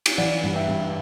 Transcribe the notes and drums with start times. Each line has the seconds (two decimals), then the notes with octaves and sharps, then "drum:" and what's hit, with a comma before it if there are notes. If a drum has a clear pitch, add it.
0.06 drum: cymbal
0.18 E3 D5 F#5
0.43 G2
0.56 E5 G5
0.68 G2